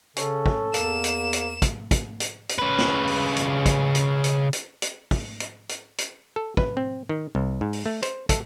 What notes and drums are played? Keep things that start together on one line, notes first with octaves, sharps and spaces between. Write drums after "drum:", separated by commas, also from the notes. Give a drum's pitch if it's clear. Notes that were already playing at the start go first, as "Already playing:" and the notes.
C#3 C#4 A4, drum: hi-hat
drum: kick
E2 A#3 E7, drum: hi-hat
drum: hi-hat
drum: hi-hat
drum: kick, hi-hat
drum: kick, hi-hat
drum: hi-hat
drum: hi-hat
C#3 B4
drum: snare
drum: open hi-hat
drum: hi-hat
drum: kick, hi-hat
drum: hi-hat
drum: hi-hat
drum: hi-hat
drum: hi-hat
drum: kick, open hi-hat
drum: hi-hat
drum: hi-hat
drum: hi-hat
A4
B4, drum: kick
C4
D#3
C2
G#2
drum: open hi-hat
A3
C5, drum: hi-hat
A4, drum: kick, hi-hat